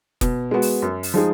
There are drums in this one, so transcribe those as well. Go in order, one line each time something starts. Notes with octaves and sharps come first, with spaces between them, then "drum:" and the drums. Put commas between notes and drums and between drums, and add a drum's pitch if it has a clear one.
B2, drum: kick, hi-hat
G#3 B3 F#4
drum: open hi-hat
F#2
drum: open hi-hat
F3 G#3 D#4 G#4